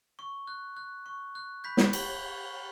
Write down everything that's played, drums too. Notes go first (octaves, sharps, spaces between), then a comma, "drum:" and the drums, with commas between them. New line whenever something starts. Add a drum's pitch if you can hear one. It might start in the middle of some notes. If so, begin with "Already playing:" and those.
C#6
F#6
F#6
C#6
F#6
B5 G6 B6
drum: snare
B5, drum: cymbal
G6
B5